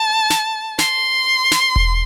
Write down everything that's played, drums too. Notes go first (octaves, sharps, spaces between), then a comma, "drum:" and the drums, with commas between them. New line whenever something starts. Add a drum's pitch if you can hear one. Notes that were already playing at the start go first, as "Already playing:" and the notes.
Already playing: A5
drum: snare
C6, drum: snare
drum: snare
drum: kick E1